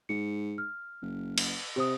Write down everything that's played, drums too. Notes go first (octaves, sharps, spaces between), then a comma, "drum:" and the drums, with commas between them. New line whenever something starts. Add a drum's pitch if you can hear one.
G#2 C#7
F6
F#1
drum: cymbal
C3 G4 C5 D#6